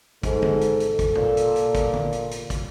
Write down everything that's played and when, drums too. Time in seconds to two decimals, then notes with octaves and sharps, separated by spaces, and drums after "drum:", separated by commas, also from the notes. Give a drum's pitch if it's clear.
0.23 G#2 A4, drum: kick, hi-hat
0.42 drum: tom D3
0.61 drum: hi-hat
0.80 drum: hi-hat
0.99 drum: kick, hi-hat
1.15 A#2, drum: tom
1.37 drum: hi-hat
1.56 drum: hi-hat
1.75 drum: kick, hi-hat
1.93 drum: tom D3
2.12 drum: hi-hat
2.31 drum: hi-hat
2.50 drum: kick, hi-hat